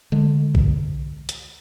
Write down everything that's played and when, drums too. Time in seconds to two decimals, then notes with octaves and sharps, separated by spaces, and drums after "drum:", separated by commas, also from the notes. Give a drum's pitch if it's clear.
0.12 D3 G#3
0.55 drum: kick A#1
1.29 drum: hi-hat